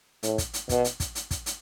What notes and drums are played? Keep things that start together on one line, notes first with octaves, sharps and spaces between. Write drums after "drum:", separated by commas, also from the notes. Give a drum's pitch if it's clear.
A2, drum: hi-hat
drum: kick, hi-hat
drum: hi-hat
B2, drum: kick, hi-hat
drum: hi-hat
drum: kick, hi-hat
drum: hi-hat
drum: kick, hi-hat
drum: hi-hat